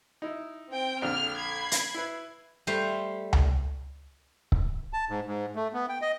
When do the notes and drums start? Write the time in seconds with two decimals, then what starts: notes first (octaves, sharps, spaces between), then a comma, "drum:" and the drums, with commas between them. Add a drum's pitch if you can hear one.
0.22 D#4 E4
0.70 C4 G5
1.02 A#1 F2 D3 F6
1.36 B5 G#6 C7
1.72 drum: hi-hat
1.94 E4 B4
2.67 G3 A3 C5 F5
3.33 drum: tom C#2
4.52 drum: kick C#1
4.93 A5
5.09 G#2
5.27 G#2
5.56 A3
5.73 B3
5.89 G5
6.02 D#5